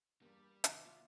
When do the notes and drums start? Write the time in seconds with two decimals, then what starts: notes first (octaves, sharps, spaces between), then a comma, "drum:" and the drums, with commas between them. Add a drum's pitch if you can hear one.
0.22 E2 G2 G3 A#3
0.64 C2 G#2 D#3 F#4 D5 E5 C6, drum: hi-hat
0.85 B3 D4 F4